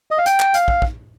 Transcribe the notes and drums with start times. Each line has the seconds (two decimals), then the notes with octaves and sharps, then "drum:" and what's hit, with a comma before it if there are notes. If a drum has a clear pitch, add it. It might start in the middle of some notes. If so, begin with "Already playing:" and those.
0.11 D#5
0.18 F5
0.26 G5, drum: hi-hat
0.40 drum: clap
0.54 F5, drum: hi-hat
0.68 drum: kick
0.82 drum: kick